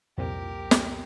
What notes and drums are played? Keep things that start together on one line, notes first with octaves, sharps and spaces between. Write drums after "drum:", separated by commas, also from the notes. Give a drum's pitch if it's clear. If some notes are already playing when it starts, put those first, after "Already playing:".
C2 F2 A#2 G4 A#4
drum: snare